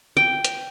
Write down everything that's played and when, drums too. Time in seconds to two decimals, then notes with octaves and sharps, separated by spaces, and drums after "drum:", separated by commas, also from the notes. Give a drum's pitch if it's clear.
0.17 G5
0.45 drum: hi-hat